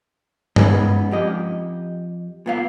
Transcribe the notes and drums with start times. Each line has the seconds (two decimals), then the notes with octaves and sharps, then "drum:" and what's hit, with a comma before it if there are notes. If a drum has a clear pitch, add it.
0.56 G#3 B3 C#4 D#4 B4, drum: tom G2
1.11 F2 G4 D#5
2.46 A#2 B3 F5